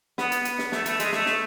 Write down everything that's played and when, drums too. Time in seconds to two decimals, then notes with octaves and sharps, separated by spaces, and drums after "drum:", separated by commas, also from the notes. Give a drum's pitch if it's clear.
0.18 B3, drum: snare
0.32 drum: hi-hat
0.45 drum: hi-hat
0.59 drum: snare
0.72 A3, drum: snare
0.86 A3, drum: hi-hat
1.00 G#3, drum: hi-hat
1.13 A3, drum: snare
1.26 drum: snare